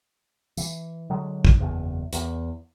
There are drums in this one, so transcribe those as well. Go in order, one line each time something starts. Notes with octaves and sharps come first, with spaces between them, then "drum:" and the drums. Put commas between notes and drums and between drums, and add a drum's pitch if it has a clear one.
E3, drum: tambourine
D3 F#3 G#3
drum: kick
F#1 E2
E2, drum: hi-hat